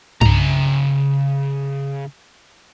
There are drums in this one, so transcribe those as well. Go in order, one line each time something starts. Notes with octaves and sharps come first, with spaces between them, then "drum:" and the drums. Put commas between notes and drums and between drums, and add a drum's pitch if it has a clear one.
C#3 A#5, drum: tom G2